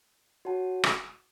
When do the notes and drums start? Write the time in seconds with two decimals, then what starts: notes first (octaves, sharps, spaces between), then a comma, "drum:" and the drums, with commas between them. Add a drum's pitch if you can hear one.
0.45 F#4 C#5 F#5 A5
0.84 drum: rim click